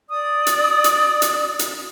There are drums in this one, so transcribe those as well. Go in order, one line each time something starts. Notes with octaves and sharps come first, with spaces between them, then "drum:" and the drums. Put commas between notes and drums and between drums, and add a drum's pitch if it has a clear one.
D5 D#6
drum: hi-hat
drum: hi-hat
drum: hi-hat
drum: hi-hat